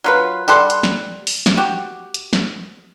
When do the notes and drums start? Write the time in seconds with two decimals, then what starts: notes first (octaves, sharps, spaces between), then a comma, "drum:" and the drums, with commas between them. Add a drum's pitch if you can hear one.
0.04 F#3 F4 B4
0.48 G3 A4 F#5 C6, drum: tambourine
0.70 drum: hi-hat
0.83 drum: snare
1.27 drum: open hi-hat
1.46 drum: snare
1.57 F#4 G4
2.14 drum: hi-hat
2.33 drum: snare